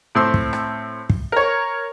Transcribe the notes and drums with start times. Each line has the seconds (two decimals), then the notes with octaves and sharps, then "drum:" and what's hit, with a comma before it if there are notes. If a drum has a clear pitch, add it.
0.15 A2 C4 C6 E6
0.34 drum: kick
0.53 drum: rim click
1.10 drum: kick
1.32 A#4 C#5